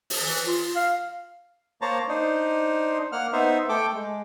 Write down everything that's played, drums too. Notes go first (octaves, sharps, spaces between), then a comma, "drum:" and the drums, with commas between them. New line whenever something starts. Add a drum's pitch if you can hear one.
drum: open hi-hat
E3
F4
F5
A#3 C5 C#5 A5 A#5
D4 D#4 C5
A#3 F#5 F6
B3 D#4 C5 E5
A3 A4 G5 D6
G#3